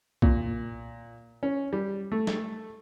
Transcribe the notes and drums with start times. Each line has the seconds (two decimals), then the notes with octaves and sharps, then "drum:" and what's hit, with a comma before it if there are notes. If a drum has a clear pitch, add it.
0.22 A#2, drum: kick B1
1.43 C#4
1.73 G3
2.12 A3
2.27 drum: snare